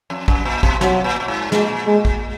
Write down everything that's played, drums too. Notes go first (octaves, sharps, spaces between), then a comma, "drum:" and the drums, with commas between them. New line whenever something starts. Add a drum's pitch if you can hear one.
F2
F#2, drum: kick
A#2
B2, drum: kick
B2 F#3, drum: snare
A#2
A#2
G#2
A#2 G#3, drum: snare
G#3
drum: kick